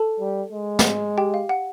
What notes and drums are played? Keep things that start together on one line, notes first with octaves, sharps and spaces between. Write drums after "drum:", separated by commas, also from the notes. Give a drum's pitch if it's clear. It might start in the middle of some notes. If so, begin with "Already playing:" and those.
Already playing: A4 A5
G3
G#3
drum: snare
G4 G5
F5
F#5